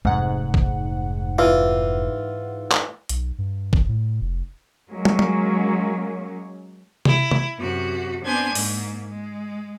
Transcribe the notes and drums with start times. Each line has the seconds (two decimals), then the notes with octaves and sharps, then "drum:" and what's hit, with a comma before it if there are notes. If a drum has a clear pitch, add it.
0.05 F1 G#2 F#5
0.54 drum: kick
1.39 E3 F4
2.72 drum: clap
3.09 B1, drum: hi-hat
3.38 G2
3.73 F#1, drum: kick
3.88 A2
4.21 F1
4.90 F#3 G#3 A#3 C#4
5.05 drum: tom
5.19 drum: tom
7.05 E4, drum: tom C3
7.31 drum: tom
7.59 F#2 C3 F#4
8.24 B3 C4 D4 C5 G#5 G#6
8.55 G#2 A#3, drum: open hi-hat
9.10 G#3